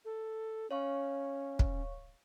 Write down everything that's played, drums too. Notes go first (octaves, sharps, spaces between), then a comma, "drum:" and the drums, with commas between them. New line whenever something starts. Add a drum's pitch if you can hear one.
A4
C#4 C#5 F5 C#6
drum: kick